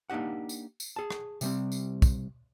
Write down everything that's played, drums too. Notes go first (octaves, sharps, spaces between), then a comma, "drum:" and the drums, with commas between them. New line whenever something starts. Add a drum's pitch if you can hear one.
A#3 D4 D#4 G4 F#5
drum: tambourine
drum: tambourine
G#4 A5
drum: rim click
C3 G3 C4, drum: tambourine
drum: tambourine
drum: kick, tambourine